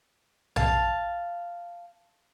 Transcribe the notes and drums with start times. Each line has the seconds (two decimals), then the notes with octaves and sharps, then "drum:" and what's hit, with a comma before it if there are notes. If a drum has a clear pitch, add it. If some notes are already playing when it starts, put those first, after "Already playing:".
0.56 F5 A5, drum: tom A#1